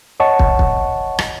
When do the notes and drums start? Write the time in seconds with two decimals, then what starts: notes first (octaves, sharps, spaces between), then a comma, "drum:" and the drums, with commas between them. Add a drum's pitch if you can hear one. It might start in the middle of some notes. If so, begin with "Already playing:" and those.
0.20 C#5 D#5 F#5 A5 C#6
0.39 drum: kick
0.59 drum: kick
1.19 drum: rim click